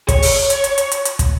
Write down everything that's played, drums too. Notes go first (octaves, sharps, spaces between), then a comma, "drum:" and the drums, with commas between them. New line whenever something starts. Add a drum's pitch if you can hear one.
C#5, drum: kick, hi-hat
drum: open hi-hat
drum: hi-hat
drum: hi-hat
drum: hi-hat
drum: hi-hat
drum: hi-hat
drum: kick, hi-hat